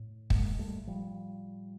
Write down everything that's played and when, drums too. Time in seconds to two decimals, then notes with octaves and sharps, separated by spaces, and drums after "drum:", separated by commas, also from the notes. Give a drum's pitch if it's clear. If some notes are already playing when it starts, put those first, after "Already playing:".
Already playing: A2
0.30 G#3 A#3, drum: kick
0.59 G3 A3
0.87 F3 G3